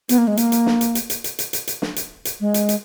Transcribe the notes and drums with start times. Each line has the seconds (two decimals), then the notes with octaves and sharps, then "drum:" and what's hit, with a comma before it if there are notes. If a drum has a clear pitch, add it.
0.09 B3, drum: hi-hat
0.18 A#3
0.27 G#3
0.37 A#3, drum: hi-hat
0.52 drum: hi-hat
0.66 drum: snare
0.81 drum: hi-hat
0.95 drum: hi-hat
1.10 drum: hi-hat
1.24 drum: hi-hat
1.39 drum: hi-hat
1.53 drum: hi-hat
1.67 drum: hi-hat
1.82 drum: snare
1.96 drum: hi-hat
2.25 drum: hi-hat
2.40 G#3
2.54 drum: hi-hat
2.69 drum: hi-hat